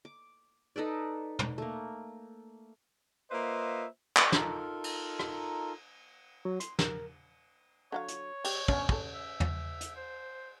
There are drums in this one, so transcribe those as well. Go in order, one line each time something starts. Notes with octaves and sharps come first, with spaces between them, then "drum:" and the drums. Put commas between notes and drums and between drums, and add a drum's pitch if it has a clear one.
D6
D#4 A4 B4 D5
drum: tom
A3 A#3
A#3 F4 B4 C5 D#5 E5
drum: clap
D#4 F4 A4 A#4, drum: snare
drum: cymbal
drum: rim click
F#3
C6, drum: hi-hat
A#4, drum: snare
D3 F#3 C#5 F5
drum: hi-hat
G3 G4, drum: cymbal
B3 C#4 D4, drum: kick
G3 A4, drum: kick
E5
drum: tom
drum: hi-hat
C5